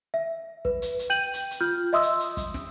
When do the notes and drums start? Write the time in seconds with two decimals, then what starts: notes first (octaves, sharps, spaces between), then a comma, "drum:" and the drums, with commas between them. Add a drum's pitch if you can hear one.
0.14 E5
0.65 B4, drum: kick
0.82 drum: hi-hat
0.99 drum: hi-hat
1.10 G5 G6 D#7 F#7
1.34 drum: hi-hat
1.51 drum: hi-hat
1.61 F4 F6 G6
1.93 D#5 E5 C6 D#6 E6
2.03 drum: hi-hat
2.20 drum: hi-hat
2.37 drum: kick, hi-hat
2.54 drum: snare